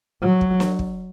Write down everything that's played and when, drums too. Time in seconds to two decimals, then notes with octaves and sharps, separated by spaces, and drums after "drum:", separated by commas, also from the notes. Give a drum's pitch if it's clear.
0.22 F#3
0.41 drum: kick
0.60 drum: snare
0.79 drum: kick